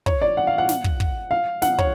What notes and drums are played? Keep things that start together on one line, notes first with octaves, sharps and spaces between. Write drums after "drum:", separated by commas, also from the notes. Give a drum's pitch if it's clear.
C#5, drum: kick
D5
F#5
F5
F#5
drum: snare
drum: kick
drum: kick
F5
F#5, drum: snare
C#5, drum: kick